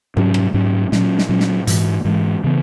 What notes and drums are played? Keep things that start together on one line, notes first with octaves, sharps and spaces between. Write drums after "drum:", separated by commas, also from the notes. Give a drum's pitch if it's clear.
G#2 F#3 C#4, drum: tom C3
drum: rim click
G#2 F#3 C#4
A#2 F#3 C#4, drum: snare
drum: snare
A#2 F#3 C#4
drum: snare
G#2 E3 G#3, drum: hi-hat
G#2 E3 G#3
C#3 E3 B3